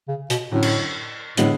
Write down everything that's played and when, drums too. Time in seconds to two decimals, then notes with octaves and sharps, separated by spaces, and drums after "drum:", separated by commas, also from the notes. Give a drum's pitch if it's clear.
0.08 C#3
0.30 B2, drum: hi-hat
0.51 F#2 A2 D3 F#3
0.62 drum: cymbal
1.37 A2 D3 G#3 B3, drum: hi-hat